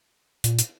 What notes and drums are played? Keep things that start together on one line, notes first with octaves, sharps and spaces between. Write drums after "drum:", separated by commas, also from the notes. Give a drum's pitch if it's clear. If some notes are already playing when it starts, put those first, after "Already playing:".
A#2, drum: hi-hat
drum: hi-hat